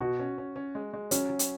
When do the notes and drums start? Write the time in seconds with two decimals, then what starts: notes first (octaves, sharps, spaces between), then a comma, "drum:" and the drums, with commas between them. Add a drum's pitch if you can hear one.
0.01 B2 F#4
0.19 C#4
0.38 C#4
0.56 C#4
0.75 G#3
0.94 G#3
1.11 F#3 C#4, drum: hi-hat
1.29 F#3
1.39 drum: hi-hat